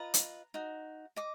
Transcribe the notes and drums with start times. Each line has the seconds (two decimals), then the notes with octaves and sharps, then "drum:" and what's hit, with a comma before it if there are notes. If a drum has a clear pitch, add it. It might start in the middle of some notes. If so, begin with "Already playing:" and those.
Already playing: F4 B4 D#5 A#5
0.14 drum: hi-hat
0.54 D#4 F#4
1.16 D#5 D6